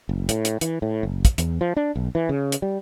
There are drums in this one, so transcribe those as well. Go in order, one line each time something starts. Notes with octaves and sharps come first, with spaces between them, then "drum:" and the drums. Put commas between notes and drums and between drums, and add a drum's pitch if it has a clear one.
F#1
A2, drum: hi-hat
drum: hi-hat
E3, drum: hi-hat
A2
F#1
drum: kick, hi-hat
E2, drum: hi-hat
F3
D4
B1
E3
C#3
drum: hi-hat
G3